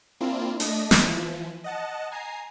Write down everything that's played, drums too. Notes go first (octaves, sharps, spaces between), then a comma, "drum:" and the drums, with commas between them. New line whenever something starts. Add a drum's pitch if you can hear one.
A#3 C4 D4 E4 F4
A3 D4 D#5, drum: open hi-hat
drum: snare
E3 F3
D#5 F#5 A5
G#5 A#5 C7